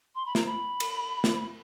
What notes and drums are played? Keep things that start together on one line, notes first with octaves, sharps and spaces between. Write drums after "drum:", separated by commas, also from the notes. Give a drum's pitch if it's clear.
C6
B5
A#5, drum: snare
B5
drum: cymbal
drum: snare